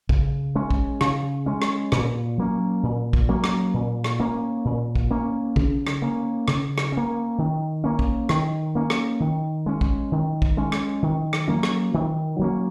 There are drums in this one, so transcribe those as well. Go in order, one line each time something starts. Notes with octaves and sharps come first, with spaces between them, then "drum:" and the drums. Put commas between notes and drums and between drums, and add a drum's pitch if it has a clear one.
C#3, drum: kick
G#3 C#4
drum: kick
C#3, drum: rim click
G#3 C#4
drum: rim click
A#2, drum: rim click
F#3 A#3 C#4
A#2
drum: kick
F#3 A#3 C#4
drum: rim click
A#2
drum: rim click
A#3 C#4
A#2
drum: kick
A#3 C#4
C#3, drum: kick
drum: rim click
A#3 C#4
C#3, drum: rim click
drum: rim click
C#4
A#3
D#3
A#3 C#4
drum: kick
D#3, drum: rim click
A#3 C#4
drum: rim click
D#3
G#3 C#4
drum: kick
D#3
drum: kick
G#3 C#4
drum: rim click
D#3
drum: rim click
F#3 A#3 C#4
drum: rim click
D#3
F#3 A#3 C#4